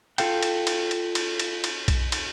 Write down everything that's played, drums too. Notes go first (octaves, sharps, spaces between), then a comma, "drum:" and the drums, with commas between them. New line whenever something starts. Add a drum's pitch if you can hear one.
F4 A4 F5 G5, drum: cymbal
drum: cymbal
drum: cymbal
drum: cymbal
drum: cymbal
drum: cymbal
drum: cymbal
drum: kick B1, cymbal
drum: cymbal